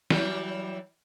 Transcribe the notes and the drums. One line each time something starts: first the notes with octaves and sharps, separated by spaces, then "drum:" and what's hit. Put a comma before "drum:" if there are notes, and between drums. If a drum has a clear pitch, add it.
E3 F#3 G3, drum: snare